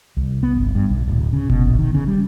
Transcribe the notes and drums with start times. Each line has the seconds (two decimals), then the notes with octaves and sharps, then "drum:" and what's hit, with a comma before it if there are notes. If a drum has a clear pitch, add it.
0.17 C2
0.43 B3
0.56 G1
0.75 G2
0.90 B1
1.08 D1
1.33 C#3
1.50 B2, drum: kick F#1
1.65 A#1
1.79 D#3
1.94 C#3
2.08 G3